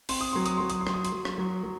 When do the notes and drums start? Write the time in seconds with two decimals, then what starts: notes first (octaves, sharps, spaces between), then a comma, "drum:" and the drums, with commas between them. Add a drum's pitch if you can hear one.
0.09 C4 C6, drum: open hi-hat
0.21 D#6
0.33 F#3 C6
0.46 D#6, drum: hi-hat
0.57 F#3 C6
0.70 D#6, drum: hi-hat
0.81 C6
0.87 F#3, drum: rim click
0.94 D#6
1.05 C6, drum: hi-hat
1.12 F#3
1.25 drum: rim click
1.38 F#3
1.63 F#3